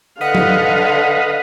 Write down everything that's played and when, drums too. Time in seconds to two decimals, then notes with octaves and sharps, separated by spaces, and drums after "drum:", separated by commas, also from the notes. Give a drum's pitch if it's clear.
0.21 D3 B4 D#5 F5 F#5
0.35 drum: tom F#3